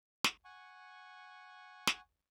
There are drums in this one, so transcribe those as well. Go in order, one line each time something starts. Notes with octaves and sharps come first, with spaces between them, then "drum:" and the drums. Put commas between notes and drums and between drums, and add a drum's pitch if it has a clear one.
drum: snare
F#5 G#5 C#6
drum: snare